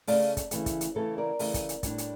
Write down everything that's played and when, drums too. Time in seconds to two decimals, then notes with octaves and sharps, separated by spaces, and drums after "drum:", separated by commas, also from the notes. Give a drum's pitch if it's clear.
0.07 C#3 E3 A3 D5 F5, drum: open hi-hat
0.37 drum: kick, hi-hat
0.51 C#3 E3 A3, drum: hi-hat
0.66 drum: kick, hi-hat
0.81 drum: hi-hat
0.95 C#3 E3 A3 A4 C#5
1.18 A#4 D5
1.39 C#3 E3 A3, drum: open hi-hat
1.54 drum: kick, hi-hat
1.69 drum: hi-hat
1.83 A2 G3 D4, drum: kick, hi-hat
1.98 drum: hi-hat